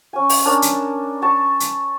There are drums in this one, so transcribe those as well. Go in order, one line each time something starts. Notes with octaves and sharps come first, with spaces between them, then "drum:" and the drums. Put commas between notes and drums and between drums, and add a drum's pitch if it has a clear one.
C#4 G#5
drum: open hi-hat
C#4 D4 A#4 A5
drum: hi-hat
A5 C#6
drum: hi-hat